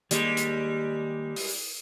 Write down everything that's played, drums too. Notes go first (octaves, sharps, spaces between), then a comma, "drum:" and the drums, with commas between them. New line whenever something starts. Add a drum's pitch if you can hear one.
D#3 G3 G#3 A#3 A#4, drum: hi-hat
drum: hi-hat
drum: open hi-hat